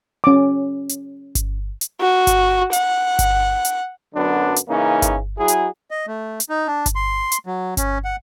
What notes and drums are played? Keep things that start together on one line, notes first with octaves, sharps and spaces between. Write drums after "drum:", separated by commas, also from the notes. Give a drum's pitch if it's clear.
C#4 D6
drum: hi-hat
drum: kick G1, hi-hat
drum: hi-hat
F#4
drum: kick G1, hi-hat
F#5, drum: hi-hat
drum: kick G1, hi-hat
drum: hi-hat
F#2 D3 F#3 B3 D4
drum: hi-hat
C#3 E3 A#3 C#4 D#4
drum: kick G1, hi-hat
F#3 E4 F#4 G#4
drum: hi-hat
D#5
A3
drum: hi-hat
D#4
D4
drum: kick G1, hi-hat
C6
drum: hi-hat
F#3
C#4, drum: kick G1, hi-hat
F#5